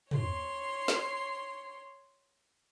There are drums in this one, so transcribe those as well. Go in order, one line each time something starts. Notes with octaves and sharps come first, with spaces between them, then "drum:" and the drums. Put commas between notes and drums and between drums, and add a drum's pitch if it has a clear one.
C#5 C6, drum: tom
drum: snare